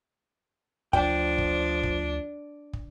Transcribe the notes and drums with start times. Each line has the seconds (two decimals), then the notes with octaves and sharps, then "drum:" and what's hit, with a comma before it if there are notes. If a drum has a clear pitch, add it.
0.93 D2 F3 D4 G5, drum: kick
1.38 drum: kick
1.83 drum: kick
2.73 drum: kick